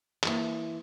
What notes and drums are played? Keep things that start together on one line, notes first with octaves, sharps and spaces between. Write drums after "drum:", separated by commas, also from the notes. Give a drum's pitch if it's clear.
E3 A#3 E4, drum: clap